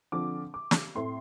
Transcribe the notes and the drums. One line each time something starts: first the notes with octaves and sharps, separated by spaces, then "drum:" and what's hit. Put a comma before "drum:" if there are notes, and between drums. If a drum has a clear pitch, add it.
D3 F3 C4 D6
D6
drum: snare
A2 A3 C4 C6